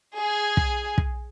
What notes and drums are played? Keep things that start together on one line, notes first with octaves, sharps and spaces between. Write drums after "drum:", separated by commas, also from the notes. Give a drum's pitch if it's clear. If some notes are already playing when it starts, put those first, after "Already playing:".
G#4
drum: kick
drum: kick